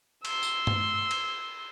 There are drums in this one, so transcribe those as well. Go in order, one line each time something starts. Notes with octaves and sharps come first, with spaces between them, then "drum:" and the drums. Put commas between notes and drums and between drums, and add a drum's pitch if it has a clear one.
C6 E6, drum: cymbal
drum: tambourine
drum: tom G2
drum: cymbal